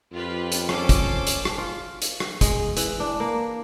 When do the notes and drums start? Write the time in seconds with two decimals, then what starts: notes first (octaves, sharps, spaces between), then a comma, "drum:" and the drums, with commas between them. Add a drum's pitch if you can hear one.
0.12 F2 F4 G4 B4
0.52 drum: hi-hat
0.69 C#4 A4 C5 D6, drum: rim click
0.89 drum: kick, hi-hat
1.27 drum: hi-hat
1.45 drum: rim click
1.58 F4
2.02 drum: hi-hat
2.20 drum: rim click
2.41 G#3, drum: kick, hi-hat
2.77 E3, drum: hi-hat
3.00 D4
3.20 A#3